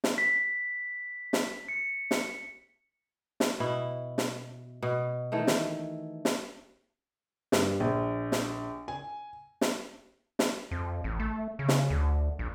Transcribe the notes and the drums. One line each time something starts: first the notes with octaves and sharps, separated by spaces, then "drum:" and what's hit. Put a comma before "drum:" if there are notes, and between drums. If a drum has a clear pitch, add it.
drum: snare
B6
drum: snare
C#7
drum: snare
drum: snare
B2 E4
drum: snare
B2
D#3 E3 A3
drum: snare
drum: snare
G2, drum: snare
A#1
drum: snare
G#5
drum: snare
drum: snare
F2
A1
A3
C#3
drum: snare
D2
A#1